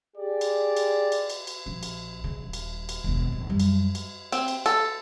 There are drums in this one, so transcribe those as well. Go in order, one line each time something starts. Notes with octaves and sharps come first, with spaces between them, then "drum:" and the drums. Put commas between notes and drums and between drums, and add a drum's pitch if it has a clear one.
G4 G#4 D5
drum: cymbal
drum: cymbal
drum: cymbal
drum: cymbal
drum: cymbal
A#1 C#4
drum: cymbal
C#3
D#1
drum: cymbal
drum: cymbal
E1 D#2
D1 E2
F#2 G3
drum: cymbal
drum: cymbal
C4, drum: cymbal
drum: cymbal
A4, drum: cymbal